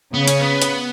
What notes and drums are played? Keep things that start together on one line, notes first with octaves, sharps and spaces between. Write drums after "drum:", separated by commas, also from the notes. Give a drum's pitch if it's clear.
C#3 B3
C#4, drum: hi-hat
B3
drum: hi-hat